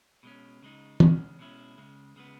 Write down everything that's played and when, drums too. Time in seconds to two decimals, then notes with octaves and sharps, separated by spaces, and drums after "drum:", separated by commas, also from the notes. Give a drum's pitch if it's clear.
0.23 B2 G#3 C#4
0.62 C#3 G#3 D#4
1.00 E2 C#3 G#3 C#4, drum: tom
1.39 B2 G#3 C#4 E4
1.77 C#2 C#3 G#3
2.16 C#3 G#3 B3